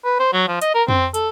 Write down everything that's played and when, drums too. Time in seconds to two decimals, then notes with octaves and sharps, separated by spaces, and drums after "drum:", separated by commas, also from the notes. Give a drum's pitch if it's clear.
0.05 B4
0.20 C5
0.33 F#3
0.48 F3
0.61 D#5, drum: hi-hat
0.75 A#4
0.89 C4, drum: tom F2
1.14 A4, drum: hi-hat